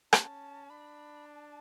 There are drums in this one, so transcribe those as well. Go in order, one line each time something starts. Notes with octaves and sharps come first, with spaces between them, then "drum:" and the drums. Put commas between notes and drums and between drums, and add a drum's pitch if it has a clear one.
C#4 A5, drum: rim click
D4 B5
A5